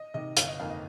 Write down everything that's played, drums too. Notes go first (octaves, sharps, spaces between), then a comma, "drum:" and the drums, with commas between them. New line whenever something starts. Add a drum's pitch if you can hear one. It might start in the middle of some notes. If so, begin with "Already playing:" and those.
Already playing: D#5
C3 D#3 D#5
G1 F5, drum: hi-hat
D#5
F2 D#3 A#3 F5
D#5